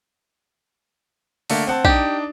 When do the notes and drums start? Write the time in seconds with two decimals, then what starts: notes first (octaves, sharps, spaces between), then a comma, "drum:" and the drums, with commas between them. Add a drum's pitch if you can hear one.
1.50 D3 A3 A#3, drum: open hi-hat
1.67 C4 F#5 A5
1.85 D4 D#4 G4, drum: kick A#1